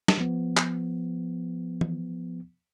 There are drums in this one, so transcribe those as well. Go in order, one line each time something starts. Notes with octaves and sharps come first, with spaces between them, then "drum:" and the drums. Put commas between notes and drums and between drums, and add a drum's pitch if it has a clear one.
drum: snare
F3 B3
drum: clap
drum: tom E3